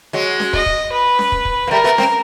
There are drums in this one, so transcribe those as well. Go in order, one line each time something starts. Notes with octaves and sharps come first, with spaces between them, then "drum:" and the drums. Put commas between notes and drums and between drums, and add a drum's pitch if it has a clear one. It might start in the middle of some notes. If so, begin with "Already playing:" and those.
F#3 G#3
drum: snare C#4
D#5, drum: kick
drum: kick
B4
drum: snare C#4
drum: kick
drum: kick
A#3
G3 A3 A#4
A3 B3
A#3 C4, drum: snare C#4